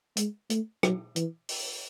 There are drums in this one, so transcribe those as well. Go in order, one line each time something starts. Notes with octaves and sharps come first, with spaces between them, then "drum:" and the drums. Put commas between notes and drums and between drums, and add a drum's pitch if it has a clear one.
G#3, drum: hi-hat
A3, drum: hi-hat
F#3, drum: rim click
E3, drum: hi-hat
drum: open hi-hat